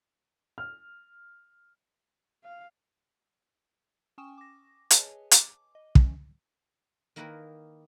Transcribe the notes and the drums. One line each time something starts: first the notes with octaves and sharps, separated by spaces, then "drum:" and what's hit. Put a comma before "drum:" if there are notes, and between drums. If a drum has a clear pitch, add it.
F6
F5
C#4 G5 G#5 C#6 D#6 E7
D6 A#6
G#4 B4 C#5 D#5 G#5 A5, drum: hi-hat
D6, drum: hi-hat
D#5
E3 C#4, drum: kick
D#3 A#3 D#4 E4 A#4 B4